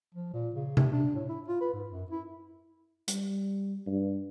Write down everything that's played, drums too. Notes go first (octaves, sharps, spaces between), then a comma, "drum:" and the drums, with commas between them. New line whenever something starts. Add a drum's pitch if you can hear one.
F3
A#2
C#3
C3, drum: tom C3
D4
A2
E4
F4
B4
G#2
F#2
E4
G3, drum: hi-hat
G2